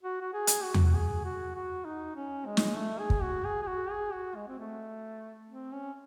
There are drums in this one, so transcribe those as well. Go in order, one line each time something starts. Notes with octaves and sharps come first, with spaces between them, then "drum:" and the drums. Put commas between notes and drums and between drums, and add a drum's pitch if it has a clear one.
F#4
F#4
G#4
drum: hi-hat
F#4
drum: tom E2
F#4
G#4
F#4
F#4
D#4
C#4
G#3
drum: snare
A3
G#4
drum: kick
F#4
G#4
G#4
F#4
G#4
F#4
G#3
C4
A3
C4
C#4